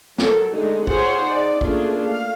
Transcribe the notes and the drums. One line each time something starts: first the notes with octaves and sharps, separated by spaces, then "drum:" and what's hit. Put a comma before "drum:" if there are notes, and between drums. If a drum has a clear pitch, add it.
F#3 A4 A#4, drum: snare
D3 G#3 A3 D#4
F4 G#4 C5 C#5 F#5, drum: kick
D#4 D5
A3 A#3 C#4 D4 F4 G#4, drum: kick
A3 F5